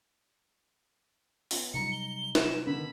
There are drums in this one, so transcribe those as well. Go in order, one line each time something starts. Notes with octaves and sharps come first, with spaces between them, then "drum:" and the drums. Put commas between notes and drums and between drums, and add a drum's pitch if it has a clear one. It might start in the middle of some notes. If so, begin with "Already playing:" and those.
B3 F4, drum: open hi-hat
C3 F#3 G3 D#4 A#5 C#7
G7
E7, drum: snare
D3 D#3 B3 B5